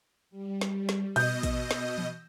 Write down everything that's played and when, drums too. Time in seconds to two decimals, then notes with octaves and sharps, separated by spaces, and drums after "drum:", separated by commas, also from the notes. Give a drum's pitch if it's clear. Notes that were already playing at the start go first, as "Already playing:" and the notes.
0.31 G3
0.61 drum: snare
0.89 drum: snare
1.16 B2 D#5 E6 G6 A#6, drum: hi-hat
1.43 drum: kick, hi-hat
1.71 drum: snare
1.98 drum: tom E3